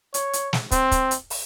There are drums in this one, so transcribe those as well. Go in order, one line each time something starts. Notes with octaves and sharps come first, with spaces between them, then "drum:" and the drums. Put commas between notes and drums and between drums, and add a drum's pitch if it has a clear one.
C#5, drum: hi-hat
drum: hi-hat
drum: snare
C4, drum: kick, hi-hat
drum: kick, hi-hat
drum: hi-hat
drum: open hi-hat